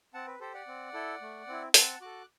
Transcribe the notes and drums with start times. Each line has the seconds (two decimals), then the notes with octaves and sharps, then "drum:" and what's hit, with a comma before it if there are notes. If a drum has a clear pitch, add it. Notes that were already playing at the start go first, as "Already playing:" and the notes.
0.14 C4 F#5 A5
0.27 B4
0.40 G4 A4 C5
0.54 D5 F#5
0.68 C4
0.94 E4 A4
1.21 A3
1.48 C4 E4
1.74 C4 F#5 A5, drum: open hi-hat
2.01 F#4 A4 D6 F#6